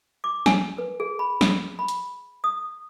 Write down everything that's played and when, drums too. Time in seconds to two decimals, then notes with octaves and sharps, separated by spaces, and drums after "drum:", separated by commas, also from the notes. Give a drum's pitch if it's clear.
0.24 D6
0.46 G#5, drum: snare
0.78 B4
1.00 G#4
1.19 B5
1.41 drum: snare
1.79 B5
1.88 drum: hi-hat
2.44 D#6